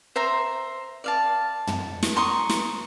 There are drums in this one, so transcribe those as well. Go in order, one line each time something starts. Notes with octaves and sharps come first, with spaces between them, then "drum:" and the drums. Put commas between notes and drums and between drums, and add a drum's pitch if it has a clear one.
C5 E5 A#5 C6
D5 F5 A5
drum: tom
drum: snare
A#5 C6 C#6 D#6
drum: snare